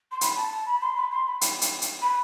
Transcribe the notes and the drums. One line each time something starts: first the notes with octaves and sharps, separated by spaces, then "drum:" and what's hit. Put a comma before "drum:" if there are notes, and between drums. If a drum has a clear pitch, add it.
C6
B5, drum: hi-hat
A5
A5
B5
C6
B5
C6
B5
drum: hi-hat
drum: hi-hat
drum: hi-hat
B5